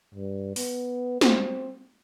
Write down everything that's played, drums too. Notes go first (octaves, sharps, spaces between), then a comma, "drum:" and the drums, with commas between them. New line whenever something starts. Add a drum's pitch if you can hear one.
G2
B3, drum: open hi-hat
C4, drum: snare